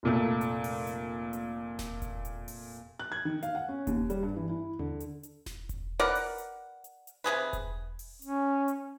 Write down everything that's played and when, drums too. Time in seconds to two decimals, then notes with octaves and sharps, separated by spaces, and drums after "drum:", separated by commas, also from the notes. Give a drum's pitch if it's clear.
0.03 F1 A#2 A3
0.41 drum: hi-hat
0.64 drum: open hi-hat
0.87 drum: hi-hat
1.33 drum: hi-hat
1.79 drum: snare E1
2.02 drum: kick E1, hi-hat
2.25 drum: hi-hat
2.48 drum: open hi-hat
3.00 F#6
3.12 G#6
3.25 D#3
3.43 F5, drum: hi-hat
3.55 F#5
3.68 C#4
3.87 D#2, drum: kick E1, hi-hat
4.10 G3, drum: hi-hat
4.23 G2
4.37 E3
4.49 E4
4.79 D3, drum: tom D#2
5.00 drum: hi-hat
5.23 drum: hi-hat
5.46 drum: snare E1
5.69 drum: kick E1, hi-hat
6.00 A#4 B4 D5 F#5
6.15 drum: open hi-hat
6.38 drum: hi-hat
6.84 drum: hi-hat
7.07 drum: hi-hat
7.24 C3 F3 G#4 B4
7.53 drum: kick E1, hi-hat
7.99 drum: open hi-hat
8.22 C#4, drum: hi-hat
8.68 drum: hi-hat